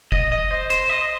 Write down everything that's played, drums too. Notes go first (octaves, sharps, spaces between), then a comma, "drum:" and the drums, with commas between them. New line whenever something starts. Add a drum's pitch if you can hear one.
D#5, drum: kick
D#5
C5
C5, drum: hi-hat
D#5